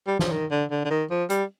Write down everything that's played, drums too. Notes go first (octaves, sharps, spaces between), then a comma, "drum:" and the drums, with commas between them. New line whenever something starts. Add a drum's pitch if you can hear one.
G3
F3, drum: snare
D#3
D3
D3
D3
D#3
F3
G3, drum: hi-hat